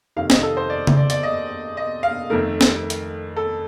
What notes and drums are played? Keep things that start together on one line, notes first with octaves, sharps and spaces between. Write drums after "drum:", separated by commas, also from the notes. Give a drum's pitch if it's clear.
F2 C3 D#3 F5
D#5, drum: snare
A4
C5
D5
drum: tom C#3
D5
D5, drum: hi-hat
D#5
D#5
F5
F2 D#3 A3 A#4
drum: snare
drum: hi-hat
A4